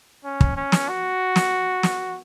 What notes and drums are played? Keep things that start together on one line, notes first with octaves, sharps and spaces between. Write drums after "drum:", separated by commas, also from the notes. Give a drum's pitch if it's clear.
C#4
drum: kick
C#4
drum: snare
F#4
drum: snare
drum: snare